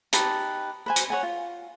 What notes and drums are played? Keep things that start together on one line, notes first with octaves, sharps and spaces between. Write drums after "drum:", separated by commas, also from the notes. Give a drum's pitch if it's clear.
D#4 G4 B4 A5, drum: hi-hat
B4 C5 G#5
drum: hi-hat
C#5 F#5 G#5
F4